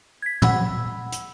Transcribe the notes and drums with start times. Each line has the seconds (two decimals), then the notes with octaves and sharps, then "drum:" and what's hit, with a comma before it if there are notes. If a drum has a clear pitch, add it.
0.22 G#6 B6
0.42 F#5 B5 E6, drum: tom
1.12 drum: hi-hat